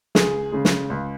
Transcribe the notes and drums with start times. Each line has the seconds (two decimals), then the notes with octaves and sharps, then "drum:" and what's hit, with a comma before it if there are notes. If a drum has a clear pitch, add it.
0.15 C#2 G#4, drum: snare
0.52 C#3 G#3
0.65 drum: snare
0.90 C#2